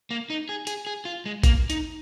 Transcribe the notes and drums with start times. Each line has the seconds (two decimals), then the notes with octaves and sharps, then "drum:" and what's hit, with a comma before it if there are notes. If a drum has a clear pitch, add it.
0.10 A#3
0.30 D#4
0.49 G#4
0.67 G#4, drum: hi-hat
0.87 G#4
1.05 F4
1.26 G#3
1.43 A#3, drum: kick, hi-hat
1.70 D#4, drum: hi-hat